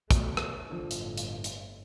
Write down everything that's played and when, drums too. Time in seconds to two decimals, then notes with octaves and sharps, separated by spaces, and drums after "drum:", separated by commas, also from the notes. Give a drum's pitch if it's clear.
0.11 B2 A3, drum: kick, hi-hat
0.37 drum: rim click
0.70 G1 A2 D3 F3
0.91 drum: hi-hat
1.17 drum: hi-hat
1.44 drum: hi-hat